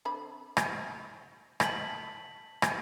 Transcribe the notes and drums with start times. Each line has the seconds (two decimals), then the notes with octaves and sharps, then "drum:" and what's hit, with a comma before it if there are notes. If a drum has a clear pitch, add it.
0.05 D3 C4 B5
0.57 drum: rim click
1.60 D#5 G5 A5 B6 F#7, drum: rim click
2.62 drum: rim click